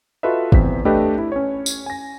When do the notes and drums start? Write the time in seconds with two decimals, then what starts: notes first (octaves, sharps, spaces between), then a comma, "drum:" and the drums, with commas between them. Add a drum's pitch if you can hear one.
0.23 F4 F#4 A4 B4 D#5 E5
0.52 E2 C4 B6, drum: kick
0.85 A3 D4 G4 A4 B4 D#5
1.18 E4
1.32 C#4 C#5
1.66 drum: tambourine
1.86 G#5 A#6